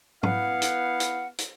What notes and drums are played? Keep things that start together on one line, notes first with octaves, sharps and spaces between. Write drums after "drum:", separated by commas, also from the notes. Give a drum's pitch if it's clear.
B3 E4 F5 F#5, drum: tom G#2
drum: hi-hat
drum: hi-hat
drum: hi-hat